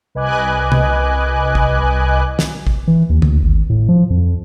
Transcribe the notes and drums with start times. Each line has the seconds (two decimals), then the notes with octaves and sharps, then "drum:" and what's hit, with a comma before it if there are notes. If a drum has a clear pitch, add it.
0.15 C2 B4 D#5 G#5 D6 F#6
0.72 drum: tom
1.55 drum: kick
2.39 drum: snare
2.67 drum: kick
2.88 E3
3.10 D#2
3.22 D2, drum: tom D3
3.43 G#1
3.70 A2
3.89 F3
4.10 F2